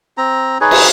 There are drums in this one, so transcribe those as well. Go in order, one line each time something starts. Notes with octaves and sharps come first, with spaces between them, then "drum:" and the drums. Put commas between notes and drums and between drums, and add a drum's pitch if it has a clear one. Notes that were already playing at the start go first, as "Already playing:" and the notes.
C4 A#5
D#4 G#4 B4 C#5
drum: cymbal